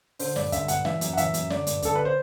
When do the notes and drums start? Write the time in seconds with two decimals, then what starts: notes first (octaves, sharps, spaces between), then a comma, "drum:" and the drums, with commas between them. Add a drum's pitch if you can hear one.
0.19 D3 C5, drum: open hi-hat
0.36 G2 D5, drum: snare
0.52 D3 E5, drum: kick, hi-hat
0.68 G2 F#5, drum: hi-hat
0.85 E3 E5, drum: snare
1.01 F#2, drum: hi-hat
1.13 F#5
1.17 E3 E5, drum: hi-hat
1.34 F#2, drum: hi-hat
1.50 D3 D5, drum: snare
1.67 G2, drum: hi-hat
1.82 D3 A4, drum: kick, hi-hat
1.95 B4
2.05 C5